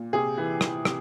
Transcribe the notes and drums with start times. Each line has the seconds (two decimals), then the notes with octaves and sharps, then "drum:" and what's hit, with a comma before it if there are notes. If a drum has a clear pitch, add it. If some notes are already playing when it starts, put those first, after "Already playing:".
Already playing: A#2
0.13 C3 G#4
0.37 E3
0.61 E3, drum: rim click
0.85 C3, drum: rim click